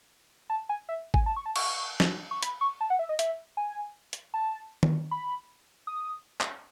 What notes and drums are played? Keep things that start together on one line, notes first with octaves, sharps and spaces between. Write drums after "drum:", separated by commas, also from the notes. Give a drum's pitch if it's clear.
A5
G#5
E5
G#5, drum: kick G#1
A5
C#6
A5
C#6, drum: cymbal
drum: snare
C#6
B5, drum: hi-hat
C#6
A5
F#5
E5
D#5
E5, drum: hi-hat
G#5
drum: hi-hat
A5
drum: tom D#3
B5
D#6
drum: clap